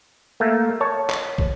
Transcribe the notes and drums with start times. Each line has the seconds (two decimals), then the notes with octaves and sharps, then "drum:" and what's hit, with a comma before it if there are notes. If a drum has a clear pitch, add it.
0.40 A3 A#3
0.81 C#5 A5
1.10 drum: clap
1.38 drum: kick